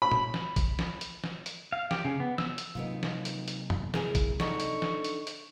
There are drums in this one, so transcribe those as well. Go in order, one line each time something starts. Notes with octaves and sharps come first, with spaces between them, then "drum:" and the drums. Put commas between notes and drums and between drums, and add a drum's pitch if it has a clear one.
B5
drum: tom
drum: snare
drum: kick, hi-hat
drum: snare
drum: hi-hat
drum: snare
drum: hi-hat
F5
G4, drum: snare
C#3
B3
E6, drum: snare
drum: hi-hat
C3 D#3 F#3 A#3 B3 F4
drum: snare
drum: hi-hat
drum: hi-hat
drum: tom
E4 G#4 A#4, drum: snare
drum: kick, hi-hat
D3 D#4 C#6, drum: snare
drum: hi-hat
drum: snare
drum: hi-hat
drum: hi-hat